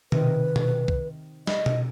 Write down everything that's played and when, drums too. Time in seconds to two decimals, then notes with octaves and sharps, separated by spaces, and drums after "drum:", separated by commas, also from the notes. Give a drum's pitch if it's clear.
0.12 C3 D#3 B4, drum: tom B2
0.56 drum: tom B2
0.88 drum: kick C2
1.47 D#5, drum: snare
1.66 drum: tom B2